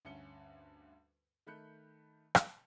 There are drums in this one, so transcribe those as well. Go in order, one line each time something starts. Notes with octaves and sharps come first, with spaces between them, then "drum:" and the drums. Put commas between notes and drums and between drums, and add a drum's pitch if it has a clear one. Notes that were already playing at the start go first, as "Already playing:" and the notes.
D2 G2 C#4 C#7 G7
D#3 A3 B5 F#6 G6 C#7
drum: rim click